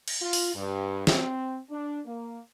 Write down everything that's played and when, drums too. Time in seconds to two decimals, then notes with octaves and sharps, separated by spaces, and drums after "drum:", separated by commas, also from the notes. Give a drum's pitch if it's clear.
0.08 drum: cymbal
0.22 F4
0.33 drum: open hi-hat
0.55 G2
1.07 C4, drum: snare
1.71 D4
2.07 A#3